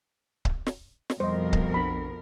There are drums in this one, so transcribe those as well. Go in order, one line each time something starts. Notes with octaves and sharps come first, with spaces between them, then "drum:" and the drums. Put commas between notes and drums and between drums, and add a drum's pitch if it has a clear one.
drum: kick C#1
drum: snare
drum: snare
F2 B2 F3 G3 A#4 C5 D#5
drum: kick C#1
A#1 D4 F#4 B5